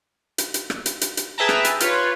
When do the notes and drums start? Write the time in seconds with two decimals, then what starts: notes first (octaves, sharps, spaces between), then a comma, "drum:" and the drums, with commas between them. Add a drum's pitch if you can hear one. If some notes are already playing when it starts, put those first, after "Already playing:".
0.38 drum: hi-hat
0.54 drum: hi-hat
0.70 drum: rim click
0.86 drum: hi-hat
1.01 drum: hi-hat
1.17 drum: hi-hat
1.38 G#4 B4 E5 G5 A5 A#5
1.49 drum: rim click
1.65 drum: hi-hat
1.80 F4 B4 C#5, drum: hi-hat